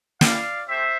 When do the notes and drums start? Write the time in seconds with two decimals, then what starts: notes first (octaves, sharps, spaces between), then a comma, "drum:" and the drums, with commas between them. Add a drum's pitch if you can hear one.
0.21 A#3 E4 G4 D5 F5, drum: snare
0.68 A3 C4 G4 C5 E5